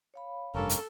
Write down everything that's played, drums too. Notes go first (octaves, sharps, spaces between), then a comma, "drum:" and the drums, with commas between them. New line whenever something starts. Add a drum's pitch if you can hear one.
C#5 F5 B5
F1 G2 A#3 C#4 A4 A#4
drum: hi-hat